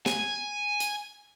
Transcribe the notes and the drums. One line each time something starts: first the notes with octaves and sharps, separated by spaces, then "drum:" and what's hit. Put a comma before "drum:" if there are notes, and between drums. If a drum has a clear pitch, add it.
G#5, drum: snare
drum: hi-hat